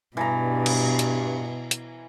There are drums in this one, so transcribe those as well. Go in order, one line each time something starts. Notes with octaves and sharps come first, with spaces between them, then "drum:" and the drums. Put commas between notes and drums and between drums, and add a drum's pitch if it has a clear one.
G2 B2 E3 A#5
drum: cymbal
drum: hi-hat
drum: hi-hat